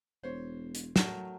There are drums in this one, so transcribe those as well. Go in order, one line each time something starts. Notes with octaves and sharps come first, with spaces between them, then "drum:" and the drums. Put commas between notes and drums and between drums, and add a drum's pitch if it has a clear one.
E1 C5 C#5
drum: hi-hat
F#3 A3 A#4, drum: snare